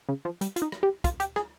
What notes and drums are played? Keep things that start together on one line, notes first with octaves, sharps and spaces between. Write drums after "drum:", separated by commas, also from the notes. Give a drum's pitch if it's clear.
C#3
F3
G3, drum: hi-hat
F4, drum: hi-hat
D#4
drum: rim click
G4
F4, drum: kick, hi-hat
G4, drum: hi-hat
G#4, drum: rim click